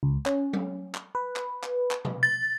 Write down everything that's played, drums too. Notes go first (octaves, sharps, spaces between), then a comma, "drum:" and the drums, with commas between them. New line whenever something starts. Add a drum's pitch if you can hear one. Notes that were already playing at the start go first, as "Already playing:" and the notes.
C#2
C#4, drum: clap
drum: tom F#3
drum: clap
B4
drum: clap
drum: clap
drum: clap
drum: tom B2
A6